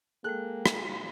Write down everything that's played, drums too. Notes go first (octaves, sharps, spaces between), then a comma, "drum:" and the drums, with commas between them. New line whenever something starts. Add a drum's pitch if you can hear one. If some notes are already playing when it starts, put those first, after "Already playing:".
G#3 A#3 G#4 A4 G5 F#6
drum: rim click